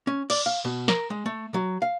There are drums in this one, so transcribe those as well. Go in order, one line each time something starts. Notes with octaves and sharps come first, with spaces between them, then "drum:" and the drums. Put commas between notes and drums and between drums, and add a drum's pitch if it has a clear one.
C#4
D5, drum: cymbal
F5
B2
A#4, drum: snare
G#3
A3
F#3
F5